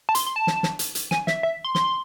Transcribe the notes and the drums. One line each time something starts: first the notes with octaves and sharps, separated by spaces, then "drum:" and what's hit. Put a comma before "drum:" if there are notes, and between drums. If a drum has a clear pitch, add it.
A5
C6, drum: hi-hat
C6
A5
drum: snare
drum: snare
drum: hi-hat
drum: hi-hat
G#5, drum: snare
E5, drum: snare
E5
C6
C6, drum: snare